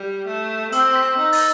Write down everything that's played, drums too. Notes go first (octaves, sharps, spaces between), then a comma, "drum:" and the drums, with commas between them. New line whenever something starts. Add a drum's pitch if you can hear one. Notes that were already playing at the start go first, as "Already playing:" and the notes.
Already playing: G3
A3
C4 E6, drum: hi-hat
B6
D#4
A6, drum: open hi-hat